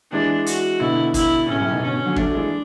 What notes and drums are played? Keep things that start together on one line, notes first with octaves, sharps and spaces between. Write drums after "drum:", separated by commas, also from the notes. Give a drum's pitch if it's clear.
E3 G#3 D4
F#4, drum: hi-hat
B2 D3 E4
E4, drum: kick, hi-hat
A2 C#3 C#4
F#2 A2
G#2 B2
B2 D3 C#4
D3 F#3
F#3 A3 D4, drum: kick
E3 G#3